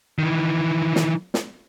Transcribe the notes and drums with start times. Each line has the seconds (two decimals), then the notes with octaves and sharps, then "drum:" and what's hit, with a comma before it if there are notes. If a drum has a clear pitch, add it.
0.19 D#3 E3
0.96 drum: snare
1.34 drum: snare